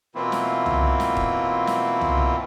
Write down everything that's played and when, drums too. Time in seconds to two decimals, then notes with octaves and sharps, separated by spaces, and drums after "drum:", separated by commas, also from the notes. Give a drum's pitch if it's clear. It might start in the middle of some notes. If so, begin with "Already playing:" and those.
0.15 B2 E3 A#3 C4 E4 F4
0.32 drum: snare
0.66 drum: tom
1.00 drum: snare
1.17 drum: kick
1.67 drum: snare
2.01 drum: tom